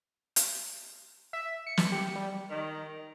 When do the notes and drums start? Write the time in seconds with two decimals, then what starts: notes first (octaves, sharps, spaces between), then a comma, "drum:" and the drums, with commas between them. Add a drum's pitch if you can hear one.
0.36 drum: hi-hat
1.33 E5
1.67 C#7
1.77 drum: snare
1.92 G4
2.15 G3
2.49 D#3